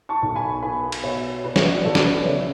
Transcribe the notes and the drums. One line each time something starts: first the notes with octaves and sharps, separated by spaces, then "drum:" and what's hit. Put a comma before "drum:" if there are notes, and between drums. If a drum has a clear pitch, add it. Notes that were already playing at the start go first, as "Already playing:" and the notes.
A5 C#6
B1
G#5 B5
B3 G#5 B5
drum: cymbal
B2 C#5 E5
B2 B4 D5
C#5, drum: snare
B4 D5
B1 A4 C#5
drum: snare
B4 D5
C#3 C#5 E5